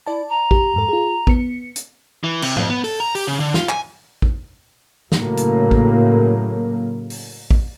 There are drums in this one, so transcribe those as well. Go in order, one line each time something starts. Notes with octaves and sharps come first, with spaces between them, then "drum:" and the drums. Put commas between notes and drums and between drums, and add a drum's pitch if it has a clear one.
E4 D5 A5
A#5
G4, drum: kick A1
F2 G#2 A4
F4 G#4
B3 C#7, drum: kick A1
drum: hi-hat
E3
C3, drum: cymbal
F2, drum: tom G#2
B3
A4, drum: open hi-hat
A#5
G4, drum: open hi-hat
C#3
D3
F4, drum: snare
G#5, drum: clap
drum: kick A1
A2 C#3 F#3 A#3, drum: snare
drum: hi-hat
drum: kick A1
drum: open hi-hat
drum: kick A1